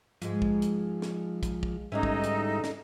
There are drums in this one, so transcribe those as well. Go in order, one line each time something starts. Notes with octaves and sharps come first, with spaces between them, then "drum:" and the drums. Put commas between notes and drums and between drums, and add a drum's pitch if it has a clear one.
G#2 F3 G#3, drum: hi-hat
drum: kick
drum: hi-hat
drum: snare
drum: kick, hi-hat
drum: kick
G#2 D3 E3 G3 C#4 D#4 E5
drum: kick
drum: hi-hat
drum: snare